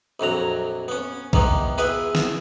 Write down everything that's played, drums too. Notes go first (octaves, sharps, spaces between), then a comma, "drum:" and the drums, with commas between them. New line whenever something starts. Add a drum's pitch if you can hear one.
A#1 F2 F#3 A#5
B3 C#4
E2 D#3 A#3 B3, drum: kick A#1
B3 E4 F4 G#4 B4 E5
drum: snare